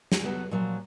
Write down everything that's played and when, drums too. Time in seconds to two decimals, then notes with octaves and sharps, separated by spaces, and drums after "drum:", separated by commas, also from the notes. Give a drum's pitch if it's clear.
0.12 drum: snare
0.23 F#3 B3 F#4 A4
0.51 A#2 F3 F#3